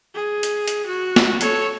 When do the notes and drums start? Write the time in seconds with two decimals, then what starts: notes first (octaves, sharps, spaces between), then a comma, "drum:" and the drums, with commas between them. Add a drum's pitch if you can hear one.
0.14 G#4
0.43 drum: hi-hat
0.68 drum: hi-hat
0.86 F#4
1.16 drum: snare
1.41 A4 C#5, drum: hi-hat